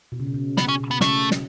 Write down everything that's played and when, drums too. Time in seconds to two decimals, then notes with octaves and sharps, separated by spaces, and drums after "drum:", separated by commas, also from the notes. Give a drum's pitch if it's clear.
0.12 B2
0.20 C#3
0.26 B2
0.34 C#3
0.57 C#3 B3, drum: snare
0.68 C#4
0.80 B2
0.91 B3
1.01 C#3 A3, drum: snare
1.31 drum: snare